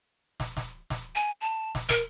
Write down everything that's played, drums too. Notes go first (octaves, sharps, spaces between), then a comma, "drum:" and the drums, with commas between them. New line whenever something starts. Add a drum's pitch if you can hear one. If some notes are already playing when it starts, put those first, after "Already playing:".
drum: snare
drum: snare
drum: snare
G#5
A5
drum: snare
A#4, drum: snare